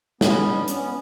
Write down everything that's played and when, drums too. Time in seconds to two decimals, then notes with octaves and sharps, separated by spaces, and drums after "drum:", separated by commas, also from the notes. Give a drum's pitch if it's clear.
0.21 B3 C#4, drum: snare
0.46 D#4
0.56 D4
0.68 B3 C#4, drum: hi-hat
0.82 B3